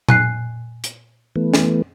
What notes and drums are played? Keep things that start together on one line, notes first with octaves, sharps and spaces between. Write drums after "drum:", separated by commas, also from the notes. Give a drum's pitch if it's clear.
G#5 F#6 C7, drum: tom A#2
drum: hi-hat
E3 A3 B3
drum: snare